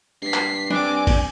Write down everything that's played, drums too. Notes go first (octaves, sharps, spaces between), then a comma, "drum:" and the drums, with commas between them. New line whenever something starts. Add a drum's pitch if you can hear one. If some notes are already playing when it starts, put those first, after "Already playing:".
G2 B6 C7
drum: clap
C4 D4 G#5 D6
drum: kick G1, open hi-hat